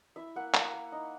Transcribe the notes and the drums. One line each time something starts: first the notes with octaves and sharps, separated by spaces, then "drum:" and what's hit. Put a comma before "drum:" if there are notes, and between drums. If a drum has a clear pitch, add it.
E4 E5
A#3 F#5
A#3 F#5, drum: clap
A#3
D#4